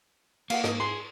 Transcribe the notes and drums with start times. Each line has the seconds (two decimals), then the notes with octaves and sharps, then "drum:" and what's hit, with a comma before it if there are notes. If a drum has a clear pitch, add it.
0.50 A#3 F5 F#5, drum: cymbal
0.64 G#2, drum: rim click
0.80 G#4 C6